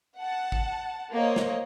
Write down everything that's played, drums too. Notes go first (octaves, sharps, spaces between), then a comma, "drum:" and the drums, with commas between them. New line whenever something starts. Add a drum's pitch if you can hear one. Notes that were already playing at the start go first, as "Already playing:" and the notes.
F#5 A5
drum: kick
A#3 C5 C#5 D#5
drum: snare